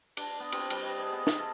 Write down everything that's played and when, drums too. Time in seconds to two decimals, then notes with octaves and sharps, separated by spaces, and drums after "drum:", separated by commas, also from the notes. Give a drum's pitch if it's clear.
0.17 D4, drum: cymbal
0.40 B3
0.52 C4, drum: cymbal
0.70 G3, drum: cymbal
0.82 D#5
0.99 G#4
1.12 B3
1.27 F4, drum: snare
1.39 A4